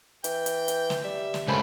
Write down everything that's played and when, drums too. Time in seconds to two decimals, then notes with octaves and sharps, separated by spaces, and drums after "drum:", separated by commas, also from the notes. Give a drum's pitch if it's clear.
0.24 E3 G5, drum: hi-hat
0.46 drum: hi-hat
0.68 drum: hi-hat
0.90 drum: snare
1.04 G3 E5
1.34 drum: snare
1.48 D#2 C#3 G#3 A3 C5 G#5 A5 B5